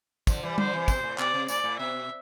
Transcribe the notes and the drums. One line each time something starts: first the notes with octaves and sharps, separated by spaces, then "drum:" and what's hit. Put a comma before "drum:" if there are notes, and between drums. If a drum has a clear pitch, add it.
D3 F3, drum: kick, tambourine
E3 G3
D3 F3 C5, drum: tom G3
C3 E3
B2 C5, drum: kick, tambourine
A2
B2 D5, drum: clap
C3
A2 D5, drum: tambourine
A2
B2 E5